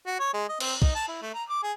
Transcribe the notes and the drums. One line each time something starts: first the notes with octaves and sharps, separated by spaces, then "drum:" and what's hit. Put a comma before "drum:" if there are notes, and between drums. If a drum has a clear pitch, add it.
F#4
C#5
G#3
D#5
C4, drum: cymbal
D#4, drum: kick
A5
E4
A3
A#5
D6
G#4